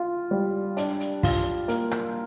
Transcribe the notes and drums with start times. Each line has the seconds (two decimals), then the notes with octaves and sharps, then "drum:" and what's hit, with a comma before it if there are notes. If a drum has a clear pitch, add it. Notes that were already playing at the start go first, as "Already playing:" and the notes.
Already playing: F4
0.31 G3
0.77 D4, drum: hi-hat
1.00 drum: hi-hat
1.23 F4, drum: kick, open hi-hat
1.68 A#3, drum: hi-hat
1.91 drum: rim click